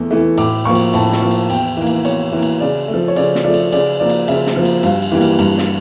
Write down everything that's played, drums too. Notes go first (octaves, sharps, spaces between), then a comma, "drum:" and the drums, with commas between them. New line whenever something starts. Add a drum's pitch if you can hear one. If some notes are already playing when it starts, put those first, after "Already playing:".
Already playing: E2 E3 A3
E3 A3
A2 D6, drum: cymbal
F3 A#3 C#6
drum: cymbal
A2 A5, drum: cymbal
drum: snare
F3 A#3
drum: cymbal
E2 G5, drum: cymbal
E3 A#3
drum: cymbal
E2 C#5, drum: cymbal
E3 A#3
drum: cymbal
C#3 D5
A3
F3
C#5
C#3 D5, drum: cymbal
drum: snare
F3 A3 D5
drum: cymbal
C#3 D5, drum: cymbal
F3 A#3 D5
drum: cymbal
C#3 E5, drum: cymbal
drum: snare
F3 A#3
drum: cymbal
G2 F5, drum: cymbal
drum: cymbal
E3 G3 A#3
drum: cymbal
G2, drum: cymbal
drum: snare